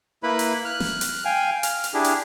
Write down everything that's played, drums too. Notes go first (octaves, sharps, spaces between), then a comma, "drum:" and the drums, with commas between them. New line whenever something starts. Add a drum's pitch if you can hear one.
A#3 E4 B4 B5
drum: hi-hat
F6 F#6
drum: snare
drum: hi-hat
F5 G5 G#5
F6, drum: hi-hat
drum: hi-hat
D4 E4 G4 G#4
drum: hi-hat